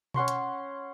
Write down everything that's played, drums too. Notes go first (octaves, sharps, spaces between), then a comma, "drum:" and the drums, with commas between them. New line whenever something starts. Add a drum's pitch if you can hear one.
C#4 F#5 C6 C#6, drum: tom B2
drum: hi-hat